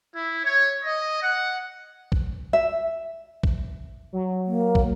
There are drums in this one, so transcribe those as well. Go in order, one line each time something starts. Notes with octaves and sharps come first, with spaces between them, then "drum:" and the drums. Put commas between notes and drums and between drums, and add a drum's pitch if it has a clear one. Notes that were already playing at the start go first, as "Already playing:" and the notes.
E4
C#5
D#5
F#5
drum: kick
E5
drum: kick
F#3
A#3
drum: kick